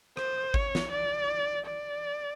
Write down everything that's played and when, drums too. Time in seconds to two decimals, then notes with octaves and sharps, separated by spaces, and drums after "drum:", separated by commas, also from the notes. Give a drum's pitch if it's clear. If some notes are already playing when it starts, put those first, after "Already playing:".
0.17 C5, drum: rim click
0.54 C#5, drum: kick G#1
0.75 drum: snare
0.91 D5
1.66 D5